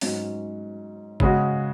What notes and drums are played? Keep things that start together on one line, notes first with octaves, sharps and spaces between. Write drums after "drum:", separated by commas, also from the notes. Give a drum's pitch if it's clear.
G#2 F#3 C#4, drum: open hi-hat
C#3 G#3 C#4 F#4, drum: kick F#1